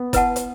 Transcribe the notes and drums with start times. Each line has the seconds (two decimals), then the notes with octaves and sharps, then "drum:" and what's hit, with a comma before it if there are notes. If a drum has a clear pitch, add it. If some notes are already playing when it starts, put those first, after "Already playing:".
Already playing: B3
0.13 E4 B4 F#5 A5, drum: kick F#1, hi-hat
0.36 drum: hi-hat